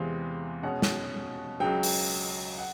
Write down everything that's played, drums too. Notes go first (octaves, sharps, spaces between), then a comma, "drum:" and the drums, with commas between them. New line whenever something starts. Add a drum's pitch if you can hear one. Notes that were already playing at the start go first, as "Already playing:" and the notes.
Already playing: E2 C3 E3 G#3 C4 F5
B2 G#3 C#4 F#5
drum: snare
C#2 C#3 F#3 G5
drum: open hi-hat
F#5